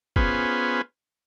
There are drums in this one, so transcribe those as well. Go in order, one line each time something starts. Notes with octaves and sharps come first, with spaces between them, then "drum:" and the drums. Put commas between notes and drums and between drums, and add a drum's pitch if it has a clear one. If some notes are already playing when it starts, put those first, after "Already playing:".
B3 C#4 F4 G#4 B4 C5, drum: kick